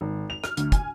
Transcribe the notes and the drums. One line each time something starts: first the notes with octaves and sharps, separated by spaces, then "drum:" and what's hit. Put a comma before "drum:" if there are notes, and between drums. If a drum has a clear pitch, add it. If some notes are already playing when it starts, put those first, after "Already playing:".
G#1
F7
F6, drum: rim click
D2, drum: hi-hat
G#5, drum: kick, hi-hat